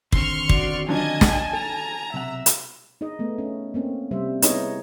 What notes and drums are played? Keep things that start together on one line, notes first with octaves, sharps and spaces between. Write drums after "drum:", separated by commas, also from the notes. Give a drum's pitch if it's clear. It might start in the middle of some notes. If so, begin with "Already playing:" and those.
D3 D#3 C4 C6 C#6 F6, drum: kick
F#4 D5, drum: kick
F3 F#3 D4 D#5 G#5 A5 G#6
drum: snare
A4 A#5
B1 C3 E5 F#5
drum: hi-hat
D#4 G#4 D#5
A3 B3
C#4
A#3 C4 C#4
C3 G3 C5 E5
B3 D#4 E4 G#4 C#5 D#5, drum: hi-hat